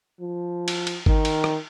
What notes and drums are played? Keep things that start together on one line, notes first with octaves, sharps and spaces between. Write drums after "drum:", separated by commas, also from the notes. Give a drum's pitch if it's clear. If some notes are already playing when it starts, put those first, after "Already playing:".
F3
drum: cymbal
drum: cymbal
D#3, drum: kick G1
drum: cymbal
drum: rim click